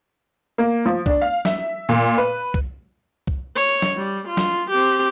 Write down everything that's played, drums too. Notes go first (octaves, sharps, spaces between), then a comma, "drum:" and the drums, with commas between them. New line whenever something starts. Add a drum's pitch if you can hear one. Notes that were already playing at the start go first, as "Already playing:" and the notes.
A#3
F3
D4, drum: kick C2
F5
E5, drum: snare
A#2
B4
drum: kick C2
drum: kick C2
C#5
drum: snare
G3
F4
drum: snare
C4 G4